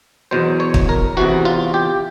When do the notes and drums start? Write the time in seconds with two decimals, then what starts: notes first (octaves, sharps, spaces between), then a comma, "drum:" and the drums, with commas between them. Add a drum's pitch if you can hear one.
0.31 E2 B2 F#3 C5
0.60 C#5
0.74 drum: kick
0.89 A#4
1.17 E2 C3 E3 F#4
1.45 F4
1.74 G4